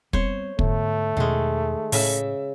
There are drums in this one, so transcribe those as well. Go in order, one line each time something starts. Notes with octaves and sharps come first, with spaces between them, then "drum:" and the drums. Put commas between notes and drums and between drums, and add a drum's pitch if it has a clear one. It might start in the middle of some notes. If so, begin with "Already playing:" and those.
G3 B3 C4 C5 C#5, drum: kick
G#2 D3 A3 B3, drum: kick
E2 B2 D#3 G#3
A2 C#3 E5, drum: open hi-hat